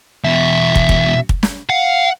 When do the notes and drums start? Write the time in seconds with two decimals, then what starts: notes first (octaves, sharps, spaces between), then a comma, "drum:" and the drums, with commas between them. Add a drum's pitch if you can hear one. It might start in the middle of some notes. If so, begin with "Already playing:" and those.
0.24 E2 B2 E5
0.75 drum: kick
0.89 drum: kick
1.29 drum: kick
1.43 drum: snare
1.70 F5 F#5